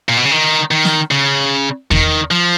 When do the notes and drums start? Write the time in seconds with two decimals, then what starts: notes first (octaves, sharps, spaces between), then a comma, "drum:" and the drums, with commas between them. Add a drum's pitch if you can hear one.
0.09 A#2
0.17 B2
0.25 C#3
0.32 D#3
0.71 D#3
0.85 drum: snare
1.11 C#3
1.91 D#3, drum: kick E2
2.31 F3